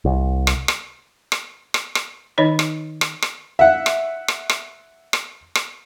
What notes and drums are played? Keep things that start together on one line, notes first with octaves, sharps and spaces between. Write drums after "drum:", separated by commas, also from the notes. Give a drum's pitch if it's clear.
C2
drum: rim click
drum: rim click
drum: rim click
drum: rim click
drum: rim click
D#3 D#4 C#5 D#5
drum: rim click
drum: rim click
drum: rim click
E5 F#5
drum: rim click
drum: rim click
drum: rim click
drum: rim click
drum: rim click